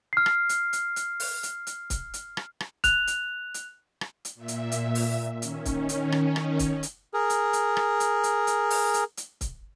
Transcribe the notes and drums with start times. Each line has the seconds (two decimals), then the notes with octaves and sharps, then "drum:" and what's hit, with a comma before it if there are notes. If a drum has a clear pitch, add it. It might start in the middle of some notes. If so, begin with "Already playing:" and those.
0.13 F6 C7
0.26 drum: rim click
0.49 drum: hi-hat
0.73 drum: hi-hat
0.96 drum: hi-hat
1.20 drum: open hi-hat
1.43 drum: hi-hat
1.67 drum: hi-hat
1.90 drum: kick C#1, hi-hat
2.14 drum: hi-hat
2.37 drum: rim click
2.60 drum: rim click
2.84 F#6 F7, drum: kick C#1, hi-hat
3.07 drum: hi-hat
3.54 drum: hi-hat
4.01 drum: rim click
4.25 drum: hi-hat
4.35 A#2 E5
4.48 drum: hi-hat
4.72 drum: hi-hat
4.95 drum: open hi-hat
5.42 D#3 C#4, drum: hi-hat
5.65 drum: kick C#1, hi-hat
5.89 drum: hi-hat
6.12 drum: rim click
6.36 drum: rim click
6.59 drum: kick C#1, hi-hat
6.83 drum: hi-hat
7.14 G#4 A#4
7.30 drum: hi-hat
7.53 drum: hi-hat
7.77 drum: rim click
8.00 drum: hi-hat
8.24 drum: hi-hat
8.47 drum: hi-hat
8.70 drum: open hi-hat
8.94 drum: hi-hat
9.17 drum: hi-hat
9.41 drum: kick C#1, hi-hat